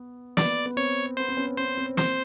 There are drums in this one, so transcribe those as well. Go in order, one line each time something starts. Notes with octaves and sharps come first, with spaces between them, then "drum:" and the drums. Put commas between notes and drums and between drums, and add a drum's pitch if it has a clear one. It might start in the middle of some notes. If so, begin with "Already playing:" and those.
Already playing: B3
B3 D5, drum: snare
B3
C4 C#5
B3 C5
C4
B3 C#4
B3 C#4 C5
C4
C4 C5, drum: snare